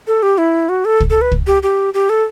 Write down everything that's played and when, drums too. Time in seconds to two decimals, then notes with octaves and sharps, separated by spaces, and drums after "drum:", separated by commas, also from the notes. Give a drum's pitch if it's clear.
0.07 A4
0.23 G4
0.38 E4
0.69 F#4
0.85 A4
1.00 drum: kick
1.10 A4
1.21 B4
1.32 drum: kick
1.47 G4
1.63 G4
1.94 G4
2.10 A4